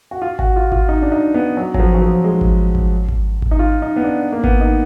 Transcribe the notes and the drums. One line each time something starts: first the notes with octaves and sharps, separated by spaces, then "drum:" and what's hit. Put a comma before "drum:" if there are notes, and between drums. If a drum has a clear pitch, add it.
F#4
F4
F#4, drum: kick G#1
F4
F4, drum: kick G#1
D#4
D4
D#4
B3
F#3
F#3, drum: kick G#1
F3
F#3
F3
G#3
drum: kick G#1
drum: kick G#1
drum: kick G#1
drum: kick G#1
D#4
F4
D#4
B3
D4
A#3
B3, drum: kick G#1
D#4